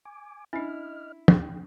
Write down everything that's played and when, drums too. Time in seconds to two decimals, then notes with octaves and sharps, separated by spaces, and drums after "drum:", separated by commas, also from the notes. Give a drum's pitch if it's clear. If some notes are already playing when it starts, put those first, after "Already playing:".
0.05 G#5 D6
0.53 C#4 D4 E4 D#5 F6
1.28 G5, drum: tom